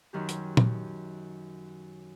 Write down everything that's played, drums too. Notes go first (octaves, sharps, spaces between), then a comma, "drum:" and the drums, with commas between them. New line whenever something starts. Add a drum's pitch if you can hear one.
F#2 D#3 F#3 G4
drum: hi-hat
drum: tom A#2